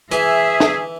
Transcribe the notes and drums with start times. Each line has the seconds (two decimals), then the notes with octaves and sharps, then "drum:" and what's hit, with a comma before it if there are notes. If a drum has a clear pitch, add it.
0.12 E3 G#4 E5, drum: hi-hat
0.60 drum: snare